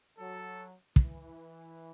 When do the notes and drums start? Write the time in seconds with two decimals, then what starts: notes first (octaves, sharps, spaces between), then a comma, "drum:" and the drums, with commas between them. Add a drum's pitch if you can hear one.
0.18 F#3 A4
0.96 E3, drum: kick